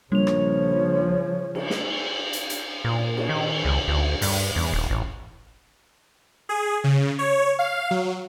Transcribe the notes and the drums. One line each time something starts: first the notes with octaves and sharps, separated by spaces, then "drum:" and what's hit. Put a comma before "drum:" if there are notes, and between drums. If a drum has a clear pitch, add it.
A#1 C#3 F3 G3 C#5 F7
drum: rim click
drum: cymbal
drum: snare
drum: hi-hat
drum: hi-hat
A#2
drum: cymbal
D#3
C#2
D2
G2, drum: open hi-hat
E2
D#1
A1
G#4
C#3
C#5
F5
F#3